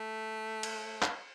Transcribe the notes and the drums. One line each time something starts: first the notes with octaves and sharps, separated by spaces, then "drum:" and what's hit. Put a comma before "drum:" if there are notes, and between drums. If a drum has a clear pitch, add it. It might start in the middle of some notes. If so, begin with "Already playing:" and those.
Already playing: A3
drum: cymbal
drum: clap